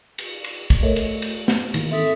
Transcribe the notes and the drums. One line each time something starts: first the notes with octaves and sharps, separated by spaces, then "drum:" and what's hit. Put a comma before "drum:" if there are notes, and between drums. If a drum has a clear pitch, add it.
drum: cymbal
drum: cymbal
drum: kick, cymbal
A3 A#4 C#5 D#5
drum: cymbal
drum: cymbal
drum: snare
G#2 D#3 E3 A#3, drum: cymbal
C4 A4 E5 D#6